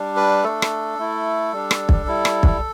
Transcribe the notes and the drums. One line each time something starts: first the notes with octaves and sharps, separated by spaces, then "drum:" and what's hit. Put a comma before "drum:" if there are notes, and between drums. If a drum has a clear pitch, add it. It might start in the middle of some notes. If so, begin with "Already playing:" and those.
Already playing: G3 D4
B4
A3 D4 A4
drum: rim click
A3 E4
G3 D4
drum: rim click
drum: kick
G3 E4
drum: rim click
drum: kick